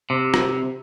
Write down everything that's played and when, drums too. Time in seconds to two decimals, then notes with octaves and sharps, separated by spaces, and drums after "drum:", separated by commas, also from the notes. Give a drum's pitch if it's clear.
0.10 C3
0.34 drum: rim click